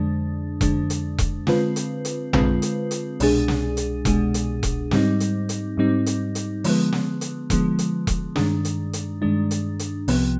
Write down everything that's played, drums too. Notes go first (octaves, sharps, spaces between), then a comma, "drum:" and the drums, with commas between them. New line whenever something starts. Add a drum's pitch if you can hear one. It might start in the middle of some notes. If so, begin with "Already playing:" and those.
Already playing: F2 D3 G#3 D4
F2 D3 G#3 D4, drum: kick E1, hi-hat
drum: hi-hat
drum: kick E1, hi-hat
D3 G#3 C4 F4 B4, drum: snare
drum: hi-hat
drum: hi-hat
D3 G#3 C4 F4 B4, drum: tom A#1
drum: hi-hat
drum: hi-hat
C2 B2 G#3 D4 G#4, drum: open hi-hat
drum: snare
drum: hi-hat
C2 B2 G#3 D4 G#4, drum: kick E1, hi-hat
drum: hi-hat
drum: kick E1, hi-hat
G#2 G3 C4 D#4, drum: snare
drum: hi-hat
drum: hi-hat
G#2 G3 C4 D#4
drum: hi-hat
drum: hi-hat
D3 F3 G#3 B3, drum: open hi-hat
drum: snare
drum: hi-hat
D3 F3 G#3 B3, drum: kick E1, hi-hat
drum: hi-hat
drum: kick E1, hi-hat
G2 D#3 G#3 D4, drum: snare
drum: hi-hat
drum: hi-hat
G2 D#3 G#3 D4
drum: hi-hat
drum: hi-hat
C2 C3 F3 B3, drum: open hi-hat